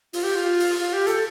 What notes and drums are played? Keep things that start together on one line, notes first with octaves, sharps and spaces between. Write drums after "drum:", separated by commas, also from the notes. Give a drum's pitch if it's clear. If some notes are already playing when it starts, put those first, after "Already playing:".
F4, drum: open hi-hat
G4
F4
drum: open hi-hat
F4
G4
A4, drum: hi-hat